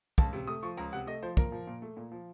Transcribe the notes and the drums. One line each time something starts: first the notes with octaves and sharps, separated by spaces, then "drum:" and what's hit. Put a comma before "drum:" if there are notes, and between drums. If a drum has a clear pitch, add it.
C#2 A5, drum: kick
C3
A3 D#6
F3 C#6
C#2 A#5
C3 F#5
A3 D#5
F3 C5
A#2 A#4, drum: kick
F3
A#2
A3
A#2
F3